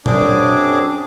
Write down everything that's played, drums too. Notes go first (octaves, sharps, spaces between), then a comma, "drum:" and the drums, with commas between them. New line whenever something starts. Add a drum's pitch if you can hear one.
F#2 C4 D4 G#4 D6, drum: tom